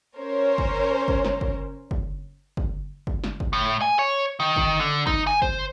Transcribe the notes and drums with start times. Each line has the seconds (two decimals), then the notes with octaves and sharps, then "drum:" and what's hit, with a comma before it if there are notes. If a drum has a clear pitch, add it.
0.17 C#4 A#4 C5 C#5
0.58 drum: kick
1.08 drum: kick
1.25 drum: snare
1.41 drum: kick
1.91 drum: kick
2.57 drum: kick
3.07 drum: kick
3.24 drum: snare
3.40 drum: kick
3.53 A2
3.81 G#5
3.99 C#5
4.40 D#3
4.56 drum: kick
4.80 D3
5.07 D#4, drum: kick
5.27 G#5
5.42 C5, drum: kick